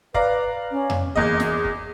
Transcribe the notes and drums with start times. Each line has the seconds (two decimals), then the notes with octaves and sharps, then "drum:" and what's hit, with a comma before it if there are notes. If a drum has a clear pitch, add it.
0.14 B4 D5 F5 A#5, drum: kick
0.71 C#4
0.90 drum: tom F2
1.15 E2 A#3 G#4 D#5, drum: kick
1.40 drum: snare
1.65 drum: kick